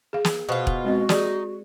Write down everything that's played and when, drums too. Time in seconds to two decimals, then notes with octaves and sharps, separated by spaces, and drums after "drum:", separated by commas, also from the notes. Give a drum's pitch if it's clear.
0.13 G#4 F5
0.25 drum: snare
0.49 B2 F4 C5
0.67 drum: kick E1
0.85 G#3 C4 F#4 D#5
1.09 D#4 G4 G#4 D5, drum: snare